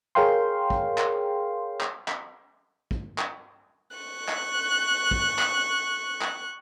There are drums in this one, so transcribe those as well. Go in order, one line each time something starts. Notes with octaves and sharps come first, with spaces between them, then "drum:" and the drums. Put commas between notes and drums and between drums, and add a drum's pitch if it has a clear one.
G#4 A#4 C#5 F5 G5 C6
drum: kick
drum: clap
drum: clap
drum: clap
drum: kick
drum: clap
C#6 F#6
drum: clap
drum: kick
drum: clap
drum: clap